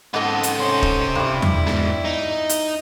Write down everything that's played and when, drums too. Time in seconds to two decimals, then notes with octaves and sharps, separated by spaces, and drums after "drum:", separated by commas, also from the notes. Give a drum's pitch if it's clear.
0.14 G#2 B3 C4 A4 D#5
0.43 drum: hi-hat
0.59 C3 C#4 D#4 C5
0.82 drum: kick
1.15 G2 G3 E4
1.42 drum: tom E2
1.67 G#2, drum: snare B3
2.05 D#4
2.49 drum: hi-hat